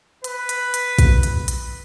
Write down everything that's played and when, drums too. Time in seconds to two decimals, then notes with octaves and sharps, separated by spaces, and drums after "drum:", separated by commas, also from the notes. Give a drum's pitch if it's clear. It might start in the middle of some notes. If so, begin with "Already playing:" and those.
0.24 B4, drum: hi-hat
0.49 drum: hi-hat
0.74 drum: hi-hat
0.99 drum: kick, hi-hat
1.23 drum: hi-hat
1.48 drum: hi-hat